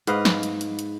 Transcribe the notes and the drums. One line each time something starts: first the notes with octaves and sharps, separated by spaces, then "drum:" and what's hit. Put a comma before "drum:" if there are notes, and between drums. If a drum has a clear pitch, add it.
G#2 B4 D#5 F5, drum: hi-hat
drum: snare
drum: hi-hat
drum: hi-hat
drum: hi-hat